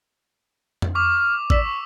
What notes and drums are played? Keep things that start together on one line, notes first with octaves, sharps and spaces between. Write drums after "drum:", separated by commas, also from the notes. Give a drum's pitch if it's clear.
drum: tom F2
C#6 D6 F6 F7
D5 E6 B6 E7, drum: kick A1
C#6